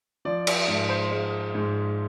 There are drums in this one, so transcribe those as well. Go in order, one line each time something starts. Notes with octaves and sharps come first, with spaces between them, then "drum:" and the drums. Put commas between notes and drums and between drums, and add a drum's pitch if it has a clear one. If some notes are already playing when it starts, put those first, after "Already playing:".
F3 D5
D5, drum: cymbal
G#2
C5
G#3
G#2